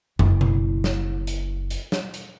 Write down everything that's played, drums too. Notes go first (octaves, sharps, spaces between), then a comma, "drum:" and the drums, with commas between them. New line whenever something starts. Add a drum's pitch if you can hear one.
F#1 E4, drum: tom
drum: tom B2
drum: snare
drum: hi-hat
drum: hi-hat
drum: snare
drum: hi-hat